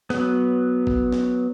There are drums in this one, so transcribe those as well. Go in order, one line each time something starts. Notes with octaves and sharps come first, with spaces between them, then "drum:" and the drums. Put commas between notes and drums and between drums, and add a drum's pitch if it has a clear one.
F#3 B3, drum: snare
drum: kick
drum: snare